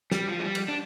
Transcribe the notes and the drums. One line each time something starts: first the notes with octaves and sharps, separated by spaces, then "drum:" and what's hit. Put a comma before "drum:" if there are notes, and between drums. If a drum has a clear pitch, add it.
G3, drum: snare
F3
G#3
G3
drum: cymbal
D4